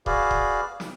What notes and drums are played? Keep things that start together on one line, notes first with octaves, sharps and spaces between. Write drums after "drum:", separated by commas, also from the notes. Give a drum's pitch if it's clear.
F#4 G#4 B4 D5 F5, drum: kick D#1
drum: kick D#1
drum: snare